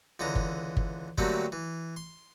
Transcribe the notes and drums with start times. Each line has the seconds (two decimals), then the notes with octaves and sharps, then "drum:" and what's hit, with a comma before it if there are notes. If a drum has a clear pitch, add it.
0.19 C#2 D3 E3 A#5
0.35 drum: kick G1
0.77 drum: kick G1
1.18 D3 F#3 G3 A3 A#3 C4, drum: kick G1
1.52 E3
1.96 C6